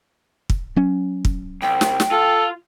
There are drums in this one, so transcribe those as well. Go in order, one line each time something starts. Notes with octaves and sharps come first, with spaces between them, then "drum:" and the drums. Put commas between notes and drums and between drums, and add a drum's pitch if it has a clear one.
drum: kick
F#3 C#4
drum: kick
C2 G5
drum: snare
drum: snare
F4 A4